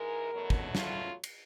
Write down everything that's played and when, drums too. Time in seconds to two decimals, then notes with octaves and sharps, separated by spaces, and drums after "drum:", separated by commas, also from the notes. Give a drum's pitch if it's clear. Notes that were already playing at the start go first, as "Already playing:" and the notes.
Already playing: G#2 E3 G#3 A#4
0.32 E2 B2 F#3 A3
0.50 drum: kick
0.75 F4, drum: snare
1.24 drum: cymbal